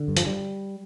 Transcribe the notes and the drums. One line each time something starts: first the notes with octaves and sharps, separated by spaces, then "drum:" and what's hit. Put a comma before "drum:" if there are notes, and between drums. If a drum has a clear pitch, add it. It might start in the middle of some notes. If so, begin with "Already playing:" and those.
Already playing: D3
G2
F3, drum: hi-hat
G3